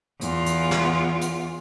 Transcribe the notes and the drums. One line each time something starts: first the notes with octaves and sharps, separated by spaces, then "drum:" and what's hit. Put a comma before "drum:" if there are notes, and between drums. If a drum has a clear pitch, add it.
E2 F4, drum: hi-hat
drum: hi-hat
drum: snare
drum: hi-hat